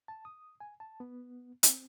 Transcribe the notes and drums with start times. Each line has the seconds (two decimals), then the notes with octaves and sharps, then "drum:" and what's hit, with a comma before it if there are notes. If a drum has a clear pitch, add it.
0.08 A5
0.25 D#6
0.60 G#5
0.80 A5
1.00 B3
1.63 C4, drum: hi-hat